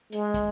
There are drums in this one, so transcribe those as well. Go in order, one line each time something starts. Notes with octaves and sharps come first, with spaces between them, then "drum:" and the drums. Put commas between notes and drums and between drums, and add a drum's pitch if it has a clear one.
G#3, drum: hi-hat
drum: kick, hi-hat